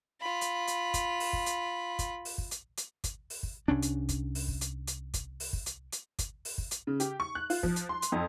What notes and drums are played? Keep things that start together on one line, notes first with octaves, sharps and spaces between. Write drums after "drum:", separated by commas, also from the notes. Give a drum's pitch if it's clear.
F4 B5
drum: hi-hat
drum: hi-hat
drum: kick, hi-hat
drum: open hi-hat
drum: kick
drum: hi-hat
drum: kick, hi-hat
drum: open hi-hat
drum: kick
drum: hi-hat
drum: hi-hat
drum: kick, hi-hat
drum: open hi-hat
drum: kick
C2 C#4 D4
drum: hi-hat
drum: kick, hi-hat
drum: open hi-hat
drum: kick
drum: hi-hat
drum: hi-hat
drum: kick, hi-hat
drum: open hi-hat
drum: kick
drum: hi-hat
drum: hi-hat
drum: kick, hi-hat
drum: open hi-hat
drum: kick
drum: hi-hat
C#3
G4, drum: hi-hat
C#6
F#6
F4, drum: open hi-hat
F3, drum: kick
drum: hi-hat
C6
drum: hi-hat
F2